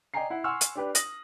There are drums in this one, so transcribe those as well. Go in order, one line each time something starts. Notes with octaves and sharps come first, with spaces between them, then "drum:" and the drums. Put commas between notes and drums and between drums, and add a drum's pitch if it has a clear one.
D5 D#5 G5 G#5 A#5 C7
E4 F#5
F#5 G#5 C6 C#6 E6 F6
drum: hi-hat
D4 G4 B4 D5
D#6 A#6 F#7, drum: hi-hat